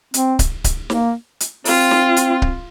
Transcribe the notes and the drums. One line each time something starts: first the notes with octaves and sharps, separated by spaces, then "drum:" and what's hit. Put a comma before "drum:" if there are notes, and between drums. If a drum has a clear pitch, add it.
C4, drum: hi-hat
drum: kick C#1, hi-hat
drum: kick C#1, hi-hat
A#3, drum: snare
drum: hi-hat
C4 F4, drum: open hi-hat
drum: snare
drum: hi-hat
drum: kick C#1